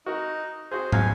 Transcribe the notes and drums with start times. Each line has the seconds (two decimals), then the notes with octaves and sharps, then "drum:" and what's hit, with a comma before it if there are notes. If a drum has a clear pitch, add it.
0.06 D#4 F#4 A#4
0.72 C4 F#4 G#4 C5
0.92 B1 F#3 F5 G#5, drum: tom